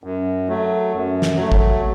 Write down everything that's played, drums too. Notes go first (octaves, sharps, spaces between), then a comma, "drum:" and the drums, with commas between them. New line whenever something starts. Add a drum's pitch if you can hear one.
F#2
F#3 A3
F#2
drum: snare
F#3 A3
drum: kick